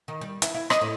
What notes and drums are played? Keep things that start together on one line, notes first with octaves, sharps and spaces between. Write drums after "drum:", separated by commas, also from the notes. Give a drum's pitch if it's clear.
D#3
G3
E4, drum: hi-hat
E4
D#5, drum: rim click
A2